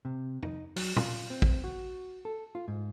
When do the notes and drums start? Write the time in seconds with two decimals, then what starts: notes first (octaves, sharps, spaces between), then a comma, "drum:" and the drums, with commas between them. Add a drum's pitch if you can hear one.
0.05 C3
0.43 D#4, drum: tom
0.76 F#3, drum: open hi-hat
0.96 F4, drum: tom A#2
1.30 C4
1.42 drum: kick
1.64 F#4
2.25 A4
2.55 F4
2.68 G#2